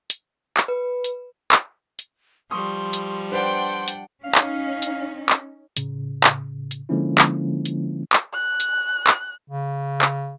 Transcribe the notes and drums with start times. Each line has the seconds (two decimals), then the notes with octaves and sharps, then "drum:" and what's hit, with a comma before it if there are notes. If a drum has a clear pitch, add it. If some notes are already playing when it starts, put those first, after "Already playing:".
0.10 drum: hi-hat
0.57 drum: clap
0.68 B4
1.04 drum: hi-hat
1.52 drum: clap
1.99 drum: hi-hat
2.51 F3 G3 C6 C#6 D#6
2.93 drum: hi-hat
3.32 D4 B4 C5 D5 F#5 G5 C6
3.88 drum: hi-hat
4.24 C#4 D#4 F5
4.35 drum: clap
4.82 drum: hi-hat
5.29 drum: clap
5.77 A2 C#3, drum: hi-hat
6.24 drum: clap
6.71 drum: hi-hat
6.89 D3 F3 G#3 A#3 C#4 E4
7.18 drum: clap
7.65 drum: hi-hat
8.13 drum: clap
8.33 F#6
8.60 drum: hi-hat
9.07 drum: clap
9.49 C#3
10.02 drum: clap